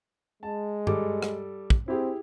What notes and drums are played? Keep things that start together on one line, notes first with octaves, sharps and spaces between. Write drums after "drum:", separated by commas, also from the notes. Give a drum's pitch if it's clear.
G#3 A5
G3 A4 D6, drum: tom G2
drum: rim click
drum: kick
C4 E4 G4 G#4